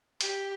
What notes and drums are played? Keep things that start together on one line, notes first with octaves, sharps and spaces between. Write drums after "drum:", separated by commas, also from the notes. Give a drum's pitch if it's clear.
G4, drum: hi-hat